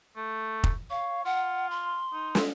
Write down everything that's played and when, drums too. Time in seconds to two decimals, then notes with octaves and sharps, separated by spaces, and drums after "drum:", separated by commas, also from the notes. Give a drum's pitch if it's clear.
0.16 A3
0.64 drum: kick F1
0.90 C#5 F5
1.25 F4 F#5
1.71 C6
2.13 D#4
2.35 drum: snare